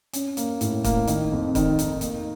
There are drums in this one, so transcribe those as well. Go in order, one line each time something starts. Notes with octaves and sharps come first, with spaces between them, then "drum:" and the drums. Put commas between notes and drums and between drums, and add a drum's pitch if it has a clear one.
C#4, drum: hi-hat
A#3, drum: hi-hat
A2, drum: hi-hat
A#3, drum: kick, hi-hat
D#3, drum: hi-hat
F2
D#3, drum: kick, hi-hat
D#4, drum: hi-hat
A#3, drum: hi-hat